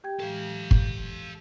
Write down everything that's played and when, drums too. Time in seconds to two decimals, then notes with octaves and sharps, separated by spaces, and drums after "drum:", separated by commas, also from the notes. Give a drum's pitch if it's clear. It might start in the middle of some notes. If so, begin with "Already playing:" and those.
0.04 G4 G5 G#6
0.20 A2 E3 G#3 A4 F5
0.71 drum: kick